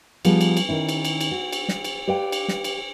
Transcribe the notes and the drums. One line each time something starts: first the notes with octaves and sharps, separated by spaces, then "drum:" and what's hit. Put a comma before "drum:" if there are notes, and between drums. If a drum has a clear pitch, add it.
F3 G3 B3 F4 G#4, drum: cymbal
drum: cymbal
drum: cymbal
D#3 C#4 E4
drum: cymbal
drum: cymbal
drum: cymbal
F#4
drum: cymbal
drum: snare
drum: cymbal
G4 B4 D5 F5 G5
drum: cymbal
drum: snare
drum: cymbal